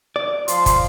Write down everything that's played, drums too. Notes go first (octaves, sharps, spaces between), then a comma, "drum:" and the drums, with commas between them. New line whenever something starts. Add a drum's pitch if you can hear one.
D5
F3 C6, drum: hi-hat
drum: kick, hi-hat